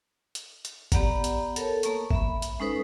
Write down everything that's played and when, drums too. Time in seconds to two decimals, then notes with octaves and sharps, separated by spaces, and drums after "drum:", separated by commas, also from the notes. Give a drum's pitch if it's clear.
0.35 drum: hi-hat
0.65 drum: hi-hat
0.92 B3 G4 D5 F#5 A#5, drum: kick, hi-hat
1.24 drum: hi-hat
1.56 A4 A#4 C#5 A5, drum: hi-hat
1.83 A#3 A#5 C#6, drum: hi-hat
2.11 E5 B5, drum: kick
2.42 drum: hi-hat
2.60 G#3 C#4 D#4 A4 B4 C5